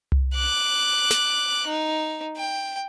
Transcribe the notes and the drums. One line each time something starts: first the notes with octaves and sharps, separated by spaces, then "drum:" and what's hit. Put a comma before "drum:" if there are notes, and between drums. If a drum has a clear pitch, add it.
drum: tom C2
D6 F#6
drum: snare
D#4
G5